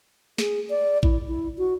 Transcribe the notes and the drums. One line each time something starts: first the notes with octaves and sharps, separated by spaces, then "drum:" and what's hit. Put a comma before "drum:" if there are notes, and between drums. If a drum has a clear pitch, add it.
G#4, drum: snare
D5
E4, drum: kick A1
E4
F#4